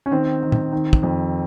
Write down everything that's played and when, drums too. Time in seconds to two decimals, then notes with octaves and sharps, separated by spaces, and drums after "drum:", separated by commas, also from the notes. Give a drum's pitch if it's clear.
0.06 C#4
0.11 D#3 C4
0.43 D#3
0.52 drum: tom
0.72 D#3
0.93 drum: kick
1.03 F2